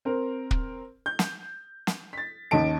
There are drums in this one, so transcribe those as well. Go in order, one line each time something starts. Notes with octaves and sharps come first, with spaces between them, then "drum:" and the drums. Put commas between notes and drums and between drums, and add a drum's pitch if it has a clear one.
C4 A#4
drum: kick
G6
drum: snare
drum: snare
A6 B6
D#2 D#3 C#4 D#5 A5 D7